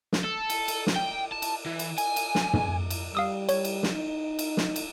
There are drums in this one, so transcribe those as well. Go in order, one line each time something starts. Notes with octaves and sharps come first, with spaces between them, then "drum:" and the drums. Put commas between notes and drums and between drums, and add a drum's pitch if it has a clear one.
drum: snare
A4
drum: cymbal
drum: cymbal
drum: snare
G5
A5
drum: cymbal
E3
drum: cymbal
G#5, drum: cymbal
drum: cymbal
drum: snare
drum: tom
drum: cymbal
G3 F5 D#6 E6
C#5, drum: cymbal
drum: cymbal
drum: snare
D#4
drum: cymbal
drum: snare
drum: cymbal